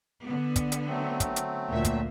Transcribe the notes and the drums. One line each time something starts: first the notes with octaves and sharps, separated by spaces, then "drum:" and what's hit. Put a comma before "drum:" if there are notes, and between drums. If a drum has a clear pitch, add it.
D3 B3
drum: kick, hi-hat
drum: hi-hat
F#3 A3 C4
drum: kick, hi-hat
drum: hi-hat
D2 A#2 A#3 E5
drum: kick, hi-hat